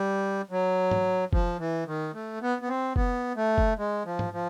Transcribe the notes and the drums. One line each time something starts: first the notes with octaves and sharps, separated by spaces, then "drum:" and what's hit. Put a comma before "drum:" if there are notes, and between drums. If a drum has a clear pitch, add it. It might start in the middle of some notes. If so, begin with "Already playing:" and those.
Already playing: G3
F#3
drum: tom
F3, drum: kick
E3
D#3
A3
B3
B3
C4
B3, drum: kick
A3
drum: kick
G#3
F3
drum: tom
F3